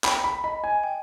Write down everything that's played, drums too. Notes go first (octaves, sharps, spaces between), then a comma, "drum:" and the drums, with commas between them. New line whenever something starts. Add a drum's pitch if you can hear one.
G5 B5, drum: clap
B5
D#5 B5
G#5
G5